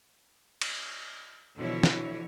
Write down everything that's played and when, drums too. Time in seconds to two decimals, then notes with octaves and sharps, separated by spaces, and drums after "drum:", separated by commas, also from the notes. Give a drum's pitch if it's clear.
0.62 drum: cymbal
1.57 B2 D3 E3 F3 E4 C#5
1.83 drum: snare